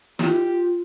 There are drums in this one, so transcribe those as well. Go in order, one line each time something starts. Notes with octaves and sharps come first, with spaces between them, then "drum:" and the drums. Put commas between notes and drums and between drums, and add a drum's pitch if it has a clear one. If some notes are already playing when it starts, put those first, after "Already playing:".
F4 G4, drum: snare